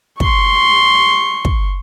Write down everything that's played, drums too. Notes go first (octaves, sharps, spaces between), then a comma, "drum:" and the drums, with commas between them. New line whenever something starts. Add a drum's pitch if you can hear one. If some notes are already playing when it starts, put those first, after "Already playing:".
C6 C#6, drum: kick
drum: kick